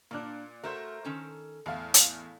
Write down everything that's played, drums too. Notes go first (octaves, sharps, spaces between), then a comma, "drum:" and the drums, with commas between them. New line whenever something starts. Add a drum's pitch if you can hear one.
A#2 A#3 D4 D5 F#6
A3 F#4 A#4 C5 E5
D#3 C#4 A4
E2 A2 A3 F5
drum: hi-hat